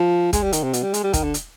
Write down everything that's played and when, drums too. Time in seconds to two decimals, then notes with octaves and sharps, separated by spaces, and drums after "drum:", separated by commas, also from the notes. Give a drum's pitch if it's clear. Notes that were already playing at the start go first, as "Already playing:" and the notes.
Already playing: F3
0.33 G#3, drum: kick, hi-hat
0.43 G3
0.53 D#3, drum: hi-hat
0.63 C3
0.73 B2, drum: hi-hat
0.83 G3
0.94 G#3, drum: hi-hat
1.04 G3
1.13 D#3, drum: kick, hi-hat
1.23 D3
1.34 drum: hi-hat